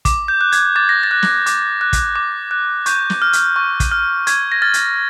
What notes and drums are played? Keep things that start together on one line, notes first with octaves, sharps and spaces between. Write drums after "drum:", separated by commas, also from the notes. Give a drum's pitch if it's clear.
D6, drum: kick, hi-hat
G6
F#6
G#6, drum: hi-hat
D6 A6
A#6
A6
F#6
drum: snare
D6, drum: hi-hat
F#6
drum: kick, hi-hat
D6
F#6
C#6 G6, drum: hi-hat
drum: snare
F6
drum: hi-hat
C#6
drum: kick, hi-hat
F6
C#6 G#6, drum: hi-hat
A#6
F6 A6
drum: hi-hat